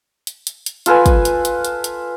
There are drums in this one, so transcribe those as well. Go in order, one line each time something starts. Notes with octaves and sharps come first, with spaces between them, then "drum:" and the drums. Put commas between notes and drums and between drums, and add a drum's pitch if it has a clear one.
drum: hi-hat
drum: hi-hat
drum: hi-hat
F4 A4 B4 G#5, drum: hi-hat
drum: kick, hi-hat
drum: hi-hat
drum: hi-hat
drum: hi-hat
drum: hi-hat